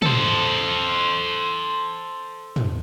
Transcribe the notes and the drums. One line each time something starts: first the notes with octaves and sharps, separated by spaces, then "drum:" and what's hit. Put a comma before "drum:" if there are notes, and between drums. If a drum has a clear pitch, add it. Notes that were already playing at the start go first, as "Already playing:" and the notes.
A4 C5, drum: tom
drum: tom